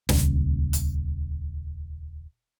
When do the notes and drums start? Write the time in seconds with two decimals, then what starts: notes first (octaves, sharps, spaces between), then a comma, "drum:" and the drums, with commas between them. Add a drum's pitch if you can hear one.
0.09 D#1 G#1 C#2, drum: snare
0.73 drum: hi-hat